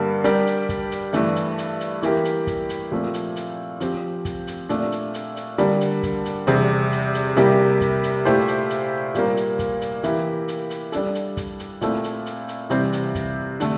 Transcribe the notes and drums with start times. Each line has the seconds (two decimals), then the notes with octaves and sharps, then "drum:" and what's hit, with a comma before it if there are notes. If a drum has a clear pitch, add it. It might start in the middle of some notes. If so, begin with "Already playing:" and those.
Already playing: G2 D3 G3 A#3
0.24 G3 D4 G4 A#4 D5, drum: hi-hat
0.47 drum: hi-hat
0.69 drum: kick, hi-hat
0.91 drum: hi-hat
1.13 G2 E3 A3 D4, drum: hi-hat
1.36 drum: hi-hat
1.58 drum: hi-hat
1.80 drum: hi-hat
2.02 E3 A#3 E4 G4 A#4, drum: hi-hat
2.25 drum: hi-hat
2.47 drum: kick, hi-hat
2.69 drum: hi-hat
2.91 A#2 F3 A3 C4
3.14 drum: hi-hat
3.36 drum: hi-hat
3.80 F3 C4 G4, drum: hi-hat
4.25 drum: kick, hi-hat
4.47 drum: hi-hat
4.69 A#2 A3 D4, drum: hi-hat
4.92 drum: hi-hat
5.14 drum: hi-hat
5.36 drum: hi-hat
5.58 D3 G3 A#3, drum: hi-hat
5.81 drum: hi-hat
6.03 drum: kick, hi-hat
6.25 drum: hi-hat
6.47 E2 C3 G3 C4, drum: hi-hat
6.92 drum: hi-hat
7.14 drum: hi-hat
7.37 C3 G3 A#3 E4 G4, drum: hi-hat
7.81 drum: kick, hi-hat
8.03 drum: hi-hat
8.25 A#2 A3 E4 G4 C5, drum: hi-hat
8.48 drum: hi-hat
8.70 drum: hi-hat
9.15 A#2 G3 A#3, drum: hi-hat
9.37 drum: hi-hat
9.59 drum: kick, hi-hat
9.81 drum: hi-hat
10.03 E3 A#3 E4 G4, drum: hi-hat
10.48 drum: hi-hat
10.70 drum: hi-hat
10.92 G3 D4 A4, drum: hi-hat
11.15 drum: hi-hat
11.37 drum: kick, hi-hat
11.59 drum: hi-hat
11.81 A#2 A3 C4 E4 A4, drum: hi-hat
12.04 drum: hi-hat
12.26 drum: hi-hat
12.48 drum: hi-hat
12.70 C3 E3 G3 C4, drum: hi-hat
12.93 drum: hi-hat
13.15 drum: kick, hi-hat
13.60 D3 A3, drum: hi-hat